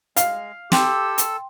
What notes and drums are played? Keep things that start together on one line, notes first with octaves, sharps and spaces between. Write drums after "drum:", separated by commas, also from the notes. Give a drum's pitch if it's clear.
G#3 F5, drum: hi-hat
G4 A4 G5 C6 E6, drum: snare
drum: hi-hat